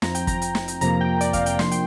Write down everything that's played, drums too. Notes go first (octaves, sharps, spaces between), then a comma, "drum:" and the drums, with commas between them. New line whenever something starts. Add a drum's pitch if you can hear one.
F2 F3 C4 A#5, drum: snare
G5, drum: hi-hat
A#5, drum: kick, hi-hat
drum: hi-hat
drum: snare
drum: hi-hat
F2 C3 F3 A#3 A#5, drum: hi-hat
G5
D5, drum: hi-hat
F5, drum: kick, hi-hat
G5, drum: hi-hat
C3 F3 A#3 D4 C6, drum: snare
G5, drum: hi-hat